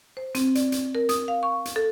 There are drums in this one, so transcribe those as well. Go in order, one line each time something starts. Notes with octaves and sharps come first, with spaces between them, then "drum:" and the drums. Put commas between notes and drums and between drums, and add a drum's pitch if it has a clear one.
C5
C4, drum: hi-hat
D5, drum: hi-hat
drum: hi-hat
A#4
D#6, drum: hi-hat
F5
C#6
drum: hi-hat
A4